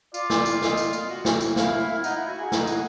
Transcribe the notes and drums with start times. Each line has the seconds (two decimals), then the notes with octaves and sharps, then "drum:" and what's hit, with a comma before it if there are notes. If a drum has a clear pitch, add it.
0.14 F4 D5, drum: tambourine
0.30 drum: snare
0.46 drum: tambourine
0.62 D#5, drum: snare
0.77 drum: tambourine
0.93 drum: tambourine
1.09 F#4
1.25 drum: snare
1.41 drum: tambourine
1.56 E4 F5, drum: snare
1.80 E4
1.98 E4
2.04 D#4 F#5, drum: tambourine
2.16 E4
2.28 F#4
2.39 G#4
2.52 D#4, drum: snare
2.67 drum: tambourine